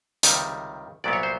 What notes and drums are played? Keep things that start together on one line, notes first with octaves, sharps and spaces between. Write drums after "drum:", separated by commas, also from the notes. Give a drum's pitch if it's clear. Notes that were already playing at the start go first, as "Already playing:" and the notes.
C#2 C3 D#3 G3, drum: hi-hat
C2 A#2 F#3 B3 D5
C#5
C5